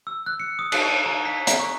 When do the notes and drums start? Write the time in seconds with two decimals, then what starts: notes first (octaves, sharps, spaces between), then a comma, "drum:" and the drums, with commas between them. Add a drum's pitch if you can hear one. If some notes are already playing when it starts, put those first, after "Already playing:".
0.07 E6
0.26 F#6
0.40 C#7
0.59 D#6
0.72 F#6, drum: cymbal
0.88 D7
1.06 A#5
1.25 B6
1.47 A#5, drum: hi-hat
1.59 C#6